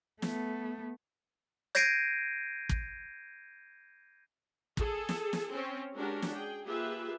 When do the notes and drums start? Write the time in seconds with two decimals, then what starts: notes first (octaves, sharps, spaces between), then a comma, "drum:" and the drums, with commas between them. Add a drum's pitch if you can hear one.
0.22 A3 B3, drum: snare
1.75 G6 G#6 A#6 C7 D7 D#7, drum: hi-hat
2.69 drum: kick
4.77 G#4 A4, drum: kick
5.09 drum: snare
5.33 drum: snare
5.52 C4 C#4
5.95 G#3 C#4 D4 F#4 G4 A#4
6.22 drum: snare
6.34 G#4 G5
6.65 A#3 F4 G4 G#4 B4 E5